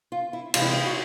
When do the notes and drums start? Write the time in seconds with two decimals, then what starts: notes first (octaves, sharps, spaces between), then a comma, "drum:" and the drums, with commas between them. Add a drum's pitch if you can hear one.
0.12 F4
0.33 E4
0.54 E2 C3 E3 G#3 F4, drum: cymbal
0.62 E4
0.69 F4
0.86 F#4